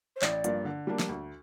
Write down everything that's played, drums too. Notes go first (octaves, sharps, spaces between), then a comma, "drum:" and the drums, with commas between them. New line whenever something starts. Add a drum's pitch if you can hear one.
C5
A1 D5, drum: clap
G2 F3 A#3, drum: hi-hat
D3
G3 A#3 D4
drum: snare
D2